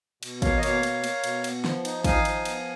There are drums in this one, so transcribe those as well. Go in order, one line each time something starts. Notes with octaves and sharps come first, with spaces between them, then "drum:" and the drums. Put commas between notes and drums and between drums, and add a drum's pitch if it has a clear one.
B2, drum: cymbal
A#3 C#5 F5, drum: kick, cymbal
D#5
B2 C#5 F5, drum: cymbal
A#3, drum: cymbal
A#3, drum: cymbal
B2, drum: cymbal
B3, drum: cymbal
F3, drum: snare
D#4, drum: cymbal
D#4 F5 G#5, drum: kick, cymbal
F3, drum: cymbal
B3, drum: cymbal